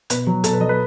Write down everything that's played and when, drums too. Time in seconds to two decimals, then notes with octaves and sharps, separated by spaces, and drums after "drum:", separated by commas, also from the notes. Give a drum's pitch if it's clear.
0.10 B2 B4, drum: hi-hat
0.27 F#3
0.44 B2 A4, drum: hi-hat
0.53 B4
0.60 F#3 D#5
0.69 B4